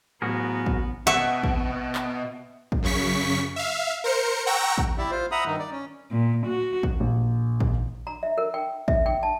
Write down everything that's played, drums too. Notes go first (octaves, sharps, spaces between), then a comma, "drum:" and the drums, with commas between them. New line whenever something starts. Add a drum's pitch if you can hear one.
A2 E3 F#3 B3 F#4 G#4 A#4
drum: kick
B2 E5 F#5 C#6
drum: kick
drum: clap
drum: kick
F#2 C#3 C#6 B6
E5 F5
A#4 C5 C#7
F#5 G5 A#5 C#6 E6 A#6
drum: kick
E4 G4 D5 E5
F4 C5
E5 F#5 A#5 B5 D#6
G2 D#3 D#4
D5
C#4
A#2
F#4
drum: kick
A#1
drum: kick
A#5
E5
A#4
G5
E5, drum: kick
G5
A5